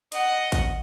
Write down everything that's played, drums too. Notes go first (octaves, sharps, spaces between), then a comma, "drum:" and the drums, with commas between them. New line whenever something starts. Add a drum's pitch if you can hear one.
D#5 F#5, drum: hi-hat
drum: kick A1, hi-hat